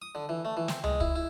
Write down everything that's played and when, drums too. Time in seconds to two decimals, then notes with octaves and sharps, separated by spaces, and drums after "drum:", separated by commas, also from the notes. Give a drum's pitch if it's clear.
0.02 D#6
0.15 D3
0.29 E3
0.45 A3
0.57 E3
0.68 C4, drum: snare
0.84 G#3, drum: tom C#2
1.00 E4, drum: kick
1.16 E4